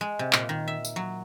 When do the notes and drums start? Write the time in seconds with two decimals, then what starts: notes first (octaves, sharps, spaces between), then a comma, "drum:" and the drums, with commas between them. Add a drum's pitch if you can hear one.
0.01 G#3
0.19 C3
0.33 A#2, drum: clap
0.49 D#3
0.68 E5
0.85 drum: tambourine
0.96 F#3